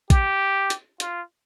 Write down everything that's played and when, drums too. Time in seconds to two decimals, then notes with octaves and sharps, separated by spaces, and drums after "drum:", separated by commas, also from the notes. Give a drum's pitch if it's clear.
0.10 G4, drum: kick A#1, hi-hat
0.70 drum: hi-hat
1.00 F4, drum: hi-hat